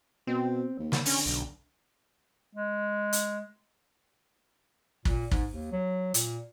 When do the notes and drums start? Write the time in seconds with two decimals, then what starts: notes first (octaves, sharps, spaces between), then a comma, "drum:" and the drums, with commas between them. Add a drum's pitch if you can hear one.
0.27 B2 C4
0.79 D#2
0.92 drum: snare
1.06 D3 C#4, drum: open hi-hat
1.26 B1
2.55 G#3
3.13 drum: hi-hat
5.05 A#2, drum: kick
5.31 G#2, drum: kick
5.53 D#2
5.72 F#3
6.14 A#2, drum: hi-hat